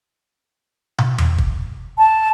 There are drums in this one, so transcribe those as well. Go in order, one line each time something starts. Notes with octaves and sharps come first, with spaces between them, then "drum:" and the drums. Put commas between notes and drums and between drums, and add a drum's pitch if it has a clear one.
drum: tom
drum: tom E2
drum: kick
A5